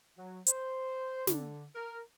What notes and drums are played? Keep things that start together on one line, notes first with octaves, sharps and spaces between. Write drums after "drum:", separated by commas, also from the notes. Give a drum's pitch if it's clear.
F#3
C5, drum: hi-hat
D3, drum: snare
A#4